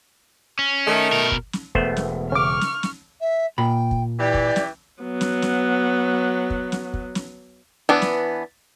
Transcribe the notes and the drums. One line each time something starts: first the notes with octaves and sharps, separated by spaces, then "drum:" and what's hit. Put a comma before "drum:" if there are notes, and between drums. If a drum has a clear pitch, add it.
C#4
D#3 A3
B2 A#4
drum: kick
drum: snare
E1 A3 B3 C5, drum: kick
drum: snare
C#3 C#6 D6 F6
drum: snare
drum: snare
E5
A#2 G5 B5
drum: kick
E3 G4 D5
drum: kick
drum: snare
F#3 B3
drum: snare
drum: snare
drum: kick
drum: snare
drum: kick
drum: snare
E3 B3 D4
drum: snare